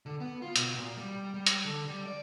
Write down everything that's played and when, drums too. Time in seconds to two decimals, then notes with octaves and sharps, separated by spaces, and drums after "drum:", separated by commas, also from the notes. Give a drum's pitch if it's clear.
0.06 D3
0.20 B3
0.42 F4
0.56 B2, drum: hi-hat
0.75 A#2
0.97 G3
1.34 G3
1.47 drum: hi-hat
1.65 D3
1.87 G3
2.06 D5